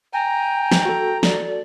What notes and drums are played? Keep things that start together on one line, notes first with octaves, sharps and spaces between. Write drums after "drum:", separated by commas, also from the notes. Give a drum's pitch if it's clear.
G5 G#5 A#5
drum: snare
F#4 A4
D5, drum: snare